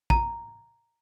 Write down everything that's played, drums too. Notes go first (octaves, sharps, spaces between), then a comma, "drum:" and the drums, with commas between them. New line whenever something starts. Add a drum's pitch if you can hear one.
A#5, drum: kick